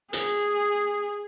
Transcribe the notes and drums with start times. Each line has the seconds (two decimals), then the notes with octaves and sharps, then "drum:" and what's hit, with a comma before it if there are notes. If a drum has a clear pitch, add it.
0.13 G#4, drum: hi-hat